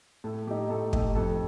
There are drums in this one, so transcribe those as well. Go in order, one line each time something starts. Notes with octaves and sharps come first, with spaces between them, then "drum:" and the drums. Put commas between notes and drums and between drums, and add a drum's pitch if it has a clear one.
A2 A4
A3 D#4 G4
A2 A4
A3 D#4 G4, drum: kick
F2 A4